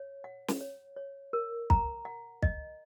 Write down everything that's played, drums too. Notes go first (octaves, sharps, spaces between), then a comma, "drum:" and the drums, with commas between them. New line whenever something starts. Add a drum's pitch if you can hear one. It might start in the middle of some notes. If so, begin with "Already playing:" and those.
Already playing: C#5
F#5
drum: snare
C#5
C#5
A#4
A#5, drum: kick
F#5
D#5, drum: kick